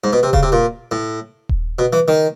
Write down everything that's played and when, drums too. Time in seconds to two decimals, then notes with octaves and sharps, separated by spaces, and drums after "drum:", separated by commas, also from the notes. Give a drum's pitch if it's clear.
0.04 G#2
0.13 B2
0.23 C3
0.33 C#3, drum: kick D#1
0.43 C3
0.52 A#2
0.91 A2
1.49 drum: kick D#1
1.79 B2
1.93 E3
2.08 D#3